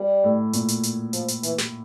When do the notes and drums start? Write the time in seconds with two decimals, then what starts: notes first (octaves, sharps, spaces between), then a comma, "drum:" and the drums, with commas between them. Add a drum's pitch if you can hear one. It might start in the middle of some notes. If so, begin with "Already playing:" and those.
Already playing: G3
0.24 A2
0.53 A#2, drum: hi-hat
0.68 drum: hi-hat
0.83 drum: hi-hat
1.13 F3, drum: hi-hat
1.28 drum: hi-hat
1.43 E3, drum: hi-hat
1.58 drum: snare